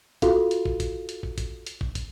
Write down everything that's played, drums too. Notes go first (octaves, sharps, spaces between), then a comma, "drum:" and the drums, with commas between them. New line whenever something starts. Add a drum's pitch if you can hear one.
F4 F#4 A4 F5, drum: kick, hi-hat
drum: hi-hat
drum: kick
drum: kick, hi-hat
drum: hi-hat
drum: kick
drum: kick, hi-hat
drum: hi-hat
drum: kick
drum: kick, hi-hat